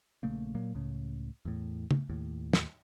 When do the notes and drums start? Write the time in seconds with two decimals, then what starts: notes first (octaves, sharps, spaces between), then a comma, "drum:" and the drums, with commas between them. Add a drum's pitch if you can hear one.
0.23 A#1 C#3 A3 A#3
0.55 A#2 F#3 A#3
0.75 C#2 A2 C#3
1.45 E2 A2
1.91 drum: tom C#3
2.10 D#2 A2
2.53 drum: snare